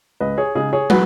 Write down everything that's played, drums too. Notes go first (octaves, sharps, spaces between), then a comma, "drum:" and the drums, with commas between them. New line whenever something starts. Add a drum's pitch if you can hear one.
C#2 B4 D#5
G#4 C#5
C#3 G#3 D#4 G#4
G#4 C#5
F#4 B4, drum: tom